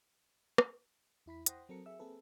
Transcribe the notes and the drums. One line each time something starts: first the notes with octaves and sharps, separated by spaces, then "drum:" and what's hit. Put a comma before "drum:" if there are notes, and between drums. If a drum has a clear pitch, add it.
drum: rim click
E2 E4 B5 B6
C5 F#5 G5 C6 D#6 A#6, drum: hi-hat
F#3 C4 A4 A#4 C#7
G#4 E5 E6
A#3 C4 G#4 A4 B4